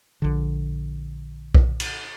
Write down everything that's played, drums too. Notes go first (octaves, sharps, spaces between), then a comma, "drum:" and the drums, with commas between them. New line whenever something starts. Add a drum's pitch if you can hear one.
A#1 D3
drum: kick B1
drum: cymbal